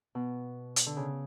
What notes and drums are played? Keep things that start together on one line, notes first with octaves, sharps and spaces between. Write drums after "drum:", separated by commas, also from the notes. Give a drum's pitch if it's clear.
B2
drum: hi-hat
D3
C#3